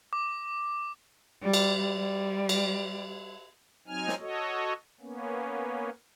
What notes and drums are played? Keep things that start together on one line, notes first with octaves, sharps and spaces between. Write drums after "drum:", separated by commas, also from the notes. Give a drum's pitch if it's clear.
D6
G3
drum: cymbal
G3
drum: cymbal
F#3 C4 D#4 G#5 F6
drum: snare
F#4 A4 C#5 D#5
A#3 B3 C#4